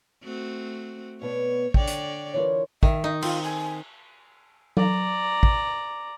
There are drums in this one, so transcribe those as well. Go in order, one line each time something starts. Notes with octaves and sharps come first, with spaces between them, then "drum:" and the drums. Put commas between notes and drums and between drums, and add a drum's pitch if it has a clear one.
A3 C4 F#4
B2 B3 C#5 D5
D3 C#5 D5 G5, drum: kick
drum: hi-hat
E3 F4 A#4 C#5
D#3 E5, drum: kick
D#4
C4 F4, drum: cymbal
G#5
D5 A#5, drum: tom F#3
drum: kick